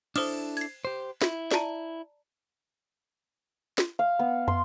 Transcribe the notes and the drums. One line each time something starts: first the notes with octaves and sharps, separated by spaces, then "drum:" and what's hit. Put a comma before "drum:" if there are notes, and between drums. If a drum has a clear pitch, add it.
D4 E4 A4 C5 D#6 F6, drum: cymbal
G#6 C7, drum: open hi-hat
G4 C5
E4, drum: snare
D5 A5 A#5, drum: snare
drum: snare
F5
B3
C6, drum: tom